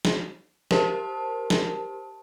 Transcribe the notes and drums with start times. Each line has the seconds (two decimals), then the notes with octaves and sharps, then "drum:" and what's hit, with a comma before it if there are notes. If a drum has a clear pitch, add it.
0.05 drum: snare
0.71 G4 A#4 C5 A5, drum: snare
1.50 drum: snare